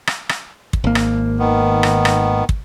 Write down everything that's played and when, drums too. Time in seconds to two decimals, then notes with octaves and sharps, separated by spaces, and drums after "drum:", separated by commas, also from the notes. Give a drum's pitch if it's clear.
0.07 drum: rim click
0.29 drum: rim click
0.73 drum: kick
0.84 G#1 A#3
0.95 drum: rim click
1.39 D#3 B3
1.83 drum: rim click
2.05 drum: rim click
2.49 drum: kick